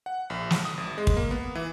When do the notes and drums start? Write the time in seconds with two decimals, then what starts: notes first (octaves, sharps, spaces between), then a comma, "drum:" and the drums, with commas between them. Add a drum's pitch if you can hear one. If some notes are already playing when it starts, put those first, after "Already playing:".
0.06 F#5
0.30 A#1
0.51 drum: snare
0.65 D#6
0.77 G#1
0.98 G#3
1.07 drum: kick
1.17 A#3
1.31 B3
1.55 E3